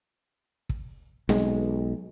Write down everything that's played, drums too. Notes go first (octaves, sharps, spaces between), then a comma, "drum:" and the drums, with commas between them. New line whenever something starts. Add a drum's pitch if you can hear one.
drum: kick
B1 G#3, drum: snare C4